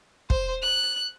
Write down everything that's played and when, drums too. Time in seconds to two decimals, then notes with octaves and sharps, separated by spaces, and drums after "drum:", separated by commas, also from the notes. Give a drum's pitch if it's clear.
0.30 C5, drum: kick
0.63 F#6